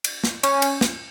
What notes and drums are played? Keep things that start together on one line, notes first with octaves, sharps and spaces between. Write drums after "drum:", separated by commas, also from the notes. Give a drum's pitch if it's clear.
drum: cymbal
drum: snare
C#4, drum: cymbal
drum: cymbal
drum: snare